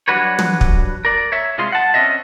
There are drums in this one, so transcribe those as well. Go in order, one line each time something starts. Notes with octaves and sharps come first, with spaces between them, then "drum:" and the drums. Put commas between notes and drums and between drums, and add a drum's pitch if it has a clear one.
F#3 G3 D4 F#4 B4 C#5
drum: tom
drum: kick
A#4 D5
C#5 E5
C2 G#3 F4 D#5 C6
F#5 A5
C4 C#4 D#4 F4 D#5 E5